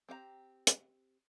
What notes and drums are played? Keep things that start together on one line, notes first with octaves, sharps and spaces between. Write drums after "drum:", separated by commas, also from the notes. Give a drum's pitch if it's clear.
C4 G4 F5 A#5
drum: hi-hat